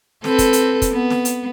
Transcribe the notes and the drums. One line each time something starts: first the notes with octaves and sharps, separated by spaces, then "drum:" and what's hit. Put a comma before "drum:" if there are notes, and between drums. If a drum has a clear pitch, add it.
C4 A4 B4, drum: snare
drum: kick, hi-hat
drum: hi-hat
drum: kick, hi-hat
B3
drum: snare
drum: hi-hat